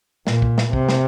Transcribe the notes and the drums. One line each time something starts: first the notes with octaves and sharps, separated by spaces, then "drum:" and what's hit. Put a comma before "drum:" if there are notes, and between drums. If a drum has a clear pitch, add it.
A#2, drum: snare
drum: kick
drum: snare
C3, drum: kick
drum: snare